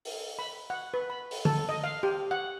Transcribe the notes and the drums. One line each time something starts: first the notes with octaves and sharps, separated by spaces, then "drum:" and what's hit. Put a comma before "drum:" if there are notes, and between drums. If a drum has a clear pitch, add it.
drum: open hi-hat
B5
F#5
B4
B5
drum: open hi-hat
A4, drum: tom D3
D#5
F5
G4
F#5